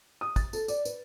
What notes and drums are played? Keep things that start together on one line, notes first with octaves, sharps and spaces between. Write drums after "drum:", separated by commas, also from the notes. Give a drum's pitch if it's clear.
D#6
A6, drum: kick, tambourine
A4, drum: tambourine
D5, drum: tambourine
B4, drum: tambourine